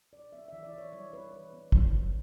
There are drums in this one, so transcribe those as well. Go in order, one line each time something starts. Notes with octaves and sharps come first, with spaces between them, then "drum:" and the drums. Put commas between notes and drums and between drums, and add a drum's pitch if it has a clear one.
B2 D5
B3 E5
E3 E5
D5
E3 C#5
G3 C#5
B3 B4
E3
B3
B2, drum: kick
B2